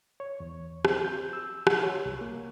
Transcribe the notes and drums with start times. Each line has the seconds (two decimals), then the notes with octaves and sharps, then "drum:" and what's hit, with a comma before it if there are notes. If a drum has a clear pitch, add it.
0.20 C#5
0.40 E2
0.85 C4, drum: rim click
1.05 G6
1.33 E6
1.67 F#5, drum: rim click
1.83 C#5
2.05 C2
2.21 A#3